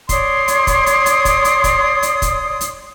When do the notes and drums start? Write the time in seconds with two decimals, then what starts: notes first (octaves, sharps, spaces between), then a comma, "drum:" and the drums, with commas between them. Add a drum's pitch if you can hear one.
0.09 C#5 D5 C6 D#6, drum: kick, hi-hat
0.48 drum: hi-hat
0.67 drum: kick, hi-hat
0.86 drum: hi-hat
1.06 drum: hi-hat
1.25 drum: kick, hi-hat
1.44 drum: hi-hat
1.64 drum: kick, hi-hat
2.03 drum: hi-hat
2.22 drum: kick, hi-hat
2.61 drum: hi-hat